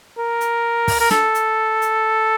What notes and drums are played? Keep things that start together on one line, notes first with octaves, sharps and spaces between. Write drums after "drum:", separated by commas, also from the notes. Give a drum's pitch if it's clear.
A#4
drum: hi-hat
drum: kick, open hi-hat
A#4
A4, drum: snare
drum: hi-hat
drum: hi-hat